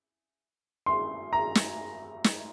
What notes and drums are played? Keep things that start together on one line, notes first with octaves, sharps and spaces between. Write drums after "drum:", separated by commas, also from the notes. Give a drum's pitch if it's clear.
C6
A#5
drum: snare
drum: snare